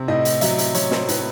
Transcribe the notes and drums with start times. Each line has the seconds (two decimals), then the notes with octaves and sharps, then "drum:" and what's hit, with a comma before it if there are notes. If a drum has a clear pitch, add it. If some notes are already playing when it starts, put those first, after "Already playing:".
Already playing: C3
0.08 A2 D#5
0.25 drum: hi-hat
0.41 F#3 E5, drum: hi-hat
0.58 drum: hi-hat
0.74 F#3 C#5, drum: hi-hat
0.91 C5, drum: snare
1.08 A2 B4, drum: hi-hat